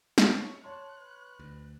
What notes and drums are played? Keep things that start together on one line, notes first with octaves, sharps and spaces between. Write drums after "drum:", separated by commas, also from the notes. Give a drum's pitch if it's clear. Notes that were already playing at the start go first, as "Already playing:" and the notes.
drum: snare
A4 C#5
C#5 A5 C6 F#6
B4
D2